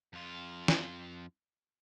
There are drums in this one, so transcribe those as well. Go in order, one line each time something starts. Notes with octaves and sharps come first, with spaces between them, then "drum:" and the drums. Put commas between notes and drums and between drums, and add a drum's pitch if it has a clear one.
F2 F4
drum: snare